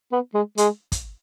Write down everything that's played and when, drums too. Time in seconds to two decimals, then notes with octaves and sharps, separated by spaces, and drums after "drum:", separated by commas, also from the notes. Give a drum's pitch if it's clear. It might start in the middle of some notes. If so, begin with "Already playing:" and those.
0.12 B3
0.34 G#3
0.58 G#3, drum: hi-hat
0.92 drum: kick, hi-hat